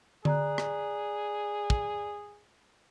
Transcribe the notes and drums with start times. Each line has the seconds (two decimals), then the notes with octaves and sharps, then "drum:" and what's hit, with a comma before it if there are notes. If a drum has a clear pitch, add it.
0.25 G#4 D5 A#5 F#6, drum: tom D3
0.58 drum: rim click
1.70 drum: kick